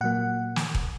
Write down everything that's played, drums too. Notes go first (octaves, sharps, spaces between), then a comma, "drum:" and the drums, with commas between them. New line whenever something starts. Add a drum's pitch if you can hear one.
A#2 F#3 A#3 F#5
drum: snare
drum: kick E1